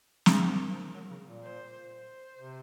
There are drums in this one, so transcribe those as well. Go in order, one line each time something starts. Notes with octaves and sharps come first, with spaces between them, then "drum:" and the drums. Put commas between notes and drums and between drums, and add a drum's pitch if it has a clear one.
drum: snare
F3 A#4
F3
F#3
C#3
A#2
C5
C5
C3